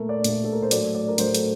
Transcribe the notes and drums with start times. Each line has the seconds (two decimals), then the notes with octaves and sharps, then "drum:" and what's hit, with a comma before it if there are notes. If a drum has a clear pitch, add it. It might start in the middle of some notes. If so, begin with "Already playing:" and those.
Already playing: A#2 A3 A#4
0.09 D5
0.24 A#2 A3, drum: hi-hat
0.44 A4
0.53 A#4
0.62 C5
0.71 A2 F#3 A3 D5, drum: hi-hat
0.95 D5
1.08 A#4
1.18 A2 F#3 A3 C5, drum: hi-hat
1.34 A4, drum: hi-hat